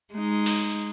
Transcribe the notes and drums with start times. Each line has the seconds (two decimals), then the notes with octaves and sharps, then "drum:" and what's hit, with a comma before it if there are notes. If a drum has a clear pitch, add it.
0.14 G#3 D#4
0.46 drum: open hi-hat